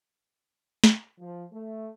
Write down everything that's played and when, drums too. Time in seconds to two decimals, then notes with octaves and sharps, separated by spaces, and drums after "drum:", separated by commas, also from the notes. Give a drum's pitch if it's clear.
0.84 drum: snare
1.19 F3
1.53 A3